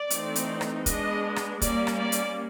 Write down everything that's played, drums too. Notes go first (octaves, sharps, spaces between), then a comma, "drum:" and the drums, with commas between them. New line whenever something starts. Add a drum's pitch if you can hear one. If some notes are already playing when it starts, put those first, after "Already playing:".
Already playing: D5
E3 A3 C4 D#4, drum: hi-hat
drum: hi-hat
drum: rim click
G#3 B3 D4 D#5, drum: kick, hi-hat
drum: rim click
G3 A#3 C#4 D5, drum: kick, hi-hat
drum: rim click
D5
drum: hi-hat